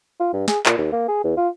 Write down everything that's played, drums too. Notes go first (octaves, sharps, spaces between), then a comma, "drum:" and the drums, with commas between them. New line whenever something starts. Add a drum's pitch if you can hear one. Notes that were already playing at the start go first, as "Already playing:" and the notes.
F4
G2
G#4, drum: snare
A#2, drum: clap
D#2
A#3
G#4
E2
F4